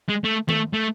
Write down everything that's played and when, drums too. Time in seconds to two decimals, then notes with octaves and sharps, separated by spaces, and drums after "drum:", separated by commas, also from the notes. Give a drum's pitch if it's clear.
0.09 G#3
0.24 A3
0.49 A3, drum: tom D#3
0.73 A3